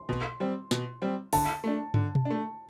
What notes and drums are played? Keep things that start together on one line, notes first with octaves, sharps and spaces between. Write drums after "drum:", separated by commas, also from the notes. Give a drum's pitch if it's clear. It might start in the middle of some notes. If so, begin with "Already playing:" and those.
Already playing: C6
B2
G3 C4
B2, drum: snare
G3 C4
D3 A5, drum: open hi-hat
A3 D4
D3, drum: tom
drum: tom B2
D4
A3